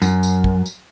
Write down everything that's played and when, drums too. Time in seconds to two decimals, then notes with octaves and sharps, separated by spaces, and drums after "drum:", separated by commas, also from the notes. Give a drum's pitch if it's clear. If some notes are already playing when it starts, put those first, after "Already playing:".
0.02 F#2, drum: tambourine
0.23 drum: tambourine
0.44 drum: kick
0.66 drum: tambourine